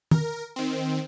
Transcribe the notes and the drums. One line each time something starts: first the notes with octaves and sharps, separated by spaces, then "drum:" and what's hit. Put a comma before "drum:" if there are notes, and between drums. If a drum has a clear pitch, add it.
A#4, drum: tom D#3
D#3 C4